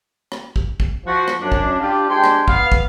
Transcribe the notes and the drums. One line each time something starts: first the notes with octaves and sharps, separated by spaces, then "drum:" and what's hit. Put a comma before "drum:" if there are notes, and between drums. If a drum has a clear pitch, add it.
drum: rim click
drum: kick
drum: kick
F3 F#4
drum: rim click
F#2 D4
drum: kick
D4 F4 G4
G#3 D4 G4 C5 G5 C6
drum: rim click
B3 F5, drum: kick
drum: kick